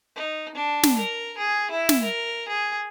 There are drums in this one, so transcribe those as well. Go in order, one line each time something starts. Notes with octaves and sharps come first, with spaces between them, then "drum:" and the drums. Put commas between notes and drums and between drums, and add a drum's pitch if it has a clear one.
D#4
D4
drum: snare
A#4
G#4
E4
drum: snare
A#4
G#4